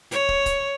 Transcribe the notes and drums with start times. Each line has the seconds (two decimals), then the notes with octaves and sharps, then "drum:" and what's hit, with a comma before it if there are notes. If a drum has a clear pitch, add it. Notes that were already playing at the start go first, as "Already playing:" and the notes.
0.11 C#5, drum: hi-hat
0.29 drum: kick
0.46 drum: kick, hi-hat